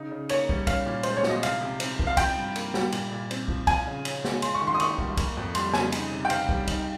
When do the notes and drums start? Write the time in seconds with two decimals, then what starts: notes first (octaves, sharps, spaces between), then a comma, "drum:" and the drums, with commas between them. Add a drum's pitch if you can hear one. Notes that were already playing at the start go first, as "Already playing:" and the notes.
Already playing: C#3 D#4
0.11 C#3
0.29 A#3 C#5, drum: cymbal
0.49 G3, drum: kick
0.67 C#4 F5, drum: kick, cymbal
0.86 A#2
1.03 G#3 C5, drum: cymbal
1.17 C#5
1.23 F3, drum: snare
1.29 D#5
1.43 C3 F5, drum: cymbal
1.61 C3
1.80 C4, drum: cymbal
1.99 F3, drum: kick
2.07 F5
2.17 F4 G5, drum: kick, cymbal
2.37 G2
2.56 A#3, drum: cymbal
2.74 G3, drum: snare
2.92 A#2, drum: cymbal
3.11 A#2
3.31 C4, drum: cymbal
3.48 F3, drum: kick
3.67 F4 G#5, drum: kick, cymbal
3.87 C#3
4.05 C#4, drum: cymbal
4.25 G#3, drum: snare
4.42 F4 C6, drum: cymbal
4.54 C#6
4.62 D#3
4.67 C6
4.75 D#6
4.80 A#3 C#6, drum: cymbal
4.98 G3, drum: kick
5.17 A#3, drum: kick, cymbal
5.37 F2
5.55 G3 C6, drum: cymbal
5.74 C#3 G#5, drum: snare
5.92 D#4, drum: cymbal
6.12 C3
6.25 G5
6.30 C4 F5, drum: cymbal
6.49 G3, drum: kick
6.68 D#4, drum: kick, cymbal